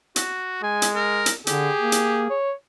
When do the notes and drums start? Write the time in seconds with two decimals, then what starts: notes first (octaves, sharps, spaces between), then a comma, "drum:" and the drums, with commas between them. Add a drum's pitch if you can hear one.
0.16 F#4, drum: hi-hat
0.63 G#3 G#5
0.82 drum: hi-hat
0.95 A#4
1.26 drum: hi-hat
1.47 D3 G4 G#4, drum: hi-hat
1.80 A#3
1.92 drum: hi-hat
2.30 C#5